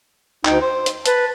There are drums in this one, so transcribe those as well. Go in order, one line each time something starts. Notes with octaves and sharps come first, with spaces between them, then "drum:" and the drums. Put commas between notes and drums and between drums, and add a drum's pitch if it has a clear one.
D2 D#4 G5, drum: clap
C5
drum: hi-hat
B4 A5, drum: hi-hat